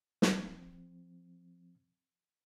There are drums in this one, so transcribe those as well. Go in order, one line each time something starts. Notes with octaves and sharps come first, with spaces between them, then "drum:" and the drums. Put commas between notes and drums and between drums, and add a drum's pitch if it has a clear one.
F3 C4, drum: snare